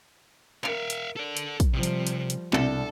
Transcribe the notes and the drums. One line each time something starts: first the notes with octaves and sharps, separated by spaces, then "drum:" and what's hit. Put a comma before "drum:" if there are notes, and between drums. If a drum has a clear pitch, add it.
A#4 E5 F5 C#7 D7, drum: clap
drum: hi-hat
A4 D5
drum: hi-hat
drum: kick, hi-hat
C3 F3 G3
drum: hi-hat
drum: hi-hat
drum: hi-hat
C2 B2 D4 A4, drum: clap